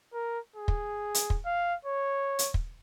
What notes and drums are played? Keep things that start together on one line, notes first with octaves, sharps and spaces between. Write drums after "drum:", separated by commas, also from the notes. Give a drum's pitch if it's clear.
A#4
G#4
drum: kick
drum: hi-hat
drum: kick
F5
C#5
drum: hi-hat
drum: kick